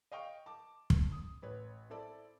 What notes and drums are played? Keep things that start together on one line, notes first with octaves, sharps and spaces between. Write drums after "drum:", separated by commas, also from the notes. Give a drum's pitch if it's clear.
D#5 F5 G5 C#6
A5 D6
drum: kick
D#6
A1 B4 C#5
C4 E4 A4 D5